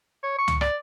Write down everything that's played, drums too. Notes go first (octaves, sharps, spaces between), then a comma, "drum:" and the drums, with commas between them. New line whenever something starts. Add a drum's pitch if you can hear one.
C#5
C#6
drum: tom
D5, drum: rim click